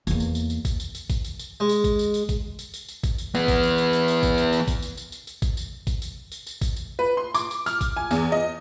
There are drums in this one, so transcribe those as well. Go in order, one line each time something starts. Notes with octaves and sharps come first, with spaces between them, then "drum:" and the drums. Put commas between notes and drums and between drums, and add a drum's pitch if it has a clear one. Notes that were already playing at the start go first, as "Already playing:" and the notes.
E2 A#3, drum: tambourine
drum: tambourine
drum: tambourine
drum: tambourine
drum: kick G#1, tambourine
drum: tambourine
drum: tambourine
drum: kick G#1, tambourine
drum: tambourine
drum: tambourine
G#3
drum: tambourine
drum: kick G#1, tambourine
drum: tambourine
drum: tambourine
drum: kick G#1, tambourine
drum: tambourine
drum: tambourine
drum: tambourine
drum: kick G#1, tambourine
drum: tambourine
E3 B3, drum: tambourine
drum: kick G#1, tambourine
drum: tambourine
drum: tambourine
drum: tambourine
drum: tambourine
drum: kick G#1, tambourine
drum: tambourine
drum: tambourine
drum: kick G#1, tambourine
drum: tambourine
drum: tambourine
drum: tambourine
drum: tambourine
drum: kick G#1, tambourine
drum: tambourine
drum: kick G#1, tambourine
drum: tambourine
drum: tambourine
drum: tambourine
drum: kick G#1, tambourine
drum: tambourine
B4
C6
D6, drum: tambourine
drum: tambourine
F6, drum: tambourine
drum: kick G#1, tambourine
G#5
E2, drum: tambourine
D#5